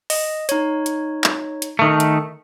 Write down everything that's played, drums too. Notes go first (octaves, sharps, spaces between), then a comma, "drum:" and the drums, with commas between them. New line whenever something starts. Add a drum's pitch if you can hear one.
D#5, drum: open hi-hat
D#4 C#5, drum: hi-hat
drum: hi-hat
drum: clap
drum: hi-hat
D#3 A3 C#7
drum: hi-hat